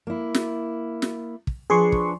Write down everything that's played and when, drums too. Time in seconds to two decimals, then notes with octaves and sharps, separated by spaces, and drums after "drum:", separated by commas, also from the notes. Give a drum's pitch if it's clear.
0.07 A#3 E4
0.34 drum: snare
1.02 drum: snare
1.47 drum: kick
1.70 F3 D4 G#4 B4 C6 C#6
1.92 drum: kick